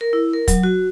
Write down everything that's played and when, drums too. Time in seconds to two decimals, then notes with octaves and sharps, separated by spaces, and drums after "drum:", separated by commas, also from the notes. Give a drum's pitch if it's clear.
0.01 A#4
0.13 E4
0.33 A#4
0.48 F#3, drum: kick, hi-hat
0.63 F#4